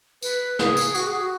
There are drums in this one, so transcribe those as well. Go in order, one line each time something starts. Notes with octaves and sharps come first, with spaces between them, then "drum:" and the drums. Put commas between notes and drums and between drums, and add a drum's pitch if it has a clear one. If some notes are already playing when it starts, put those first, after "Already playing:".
B4, drum: tambourine
G#4, drum: snare
drum: tambourine
F#4, drum: tambourine
G#4
F#4